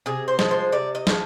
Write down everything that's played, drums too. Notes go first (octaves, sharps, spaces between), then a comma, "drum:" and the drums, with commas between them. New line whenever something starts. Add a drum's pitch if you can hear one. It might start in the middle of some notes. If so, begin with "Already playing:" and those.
C3 G#4
C5
F3 G#3, drum: snare
C5
C3 D5
D#5
F3 G#3, drum: snare